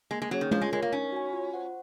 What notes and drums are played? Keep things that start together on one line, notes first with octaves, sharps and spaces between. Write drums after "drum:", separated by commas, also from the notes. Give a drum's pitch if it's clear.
G#3 A#3
G#3
F#3 C#4 G#4 C#5
D#3
F3 F4, drum: tom G#3
G#3
G#3 A#4 C#5
A#3
C#4 D#4
F#4 C#5 G#5
F4
C5 F#5